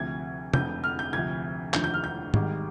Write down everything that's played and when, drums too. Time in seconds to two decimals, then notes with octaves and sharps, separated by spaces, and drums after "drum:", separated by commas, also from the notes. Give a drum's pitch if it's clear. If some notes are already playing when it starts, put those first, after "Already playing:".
Already playing: D2 C3 F3 G#6
0.54 F1 F2 D3 F3 G6, drum: tom
0.84 F6
0.99 G6
1.13 D2 C3 F3 G#6
1.74 F1 D#2 D3 F3 G6, drum: clap
1.84 G6
1.94 F6
2.04 G6
2.34 G#1 G#2 D#3 G3, drum: tom